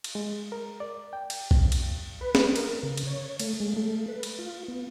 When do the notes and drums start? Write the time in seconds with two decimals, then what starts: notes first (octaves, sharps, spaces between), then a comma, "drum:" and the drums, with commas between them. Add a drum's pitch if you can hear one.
0.04 drum: cymbal
0.15 G#3
0.52 A#4
0.80 D5
1.13 G5
1.30 drum: cymbal
1.51 drum: kick B1
1.72 drum: cymbal
2.21 B4
2.35 drum: snare
2.56 A#4, drum: cymbal
2.83 C#3
2.97 drum: cymbal
3.07 C#5
3.40 A3, drum: cymbal
3.60 G#3
3.76 A3
4.08 B4
4.23 drum: cymbal
4.39 F4
4.68 B3